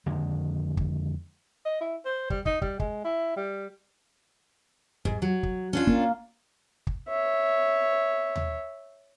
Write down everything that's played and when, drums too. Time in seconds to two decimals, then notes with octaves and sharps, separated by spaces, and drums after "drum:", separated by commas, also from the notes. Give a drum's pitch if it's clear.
0.06 F2 D3 D#3 G#3
0.77 drum: kick
1.65 D#5
1.81 E4
2.06 C5
2.30 G3, drum: kick
2.46 D#4, drum: kick
2.62 G3, drum: kick
2.80 G#3, drum: kick
3.04 E4
3.36 G3
5.05 G#2, drum: kick
5.22 F#3
5.43 drum: kick
5.73 C#4 D4 F4
5.87 A#3, drum: kick
6.87 drum: kick
7.09 C#5 E5
8.36 drum: tom D#2